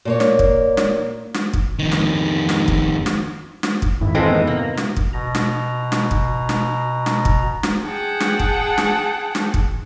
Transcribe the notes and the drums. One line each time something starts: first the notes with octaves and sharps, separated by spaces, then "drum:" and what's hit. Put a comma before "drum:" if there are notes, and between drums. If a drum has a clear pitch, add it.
A#2 A#3 C#5
drum: snare
drum: kick
drum: snare
drum: snare
drum: kick
F2 D#3
drum: snare
drum: snare
drum: kick
drum: snare
drum: snare
drum: kick
F2 G#2 D#3 E4
E3 G#3 C4 F4 A4 D#5
B3 D#4
C3 A#3
drum: snare
drum: kick
B2 A#5
drum: snare
drum: snare
drum: kick
drum: snare
drum: snare
drum: kick
drum: snare
G#4 F#5 G5 A5
drum: snare
drum: kick
drum: snare
drum: snare
drum: kick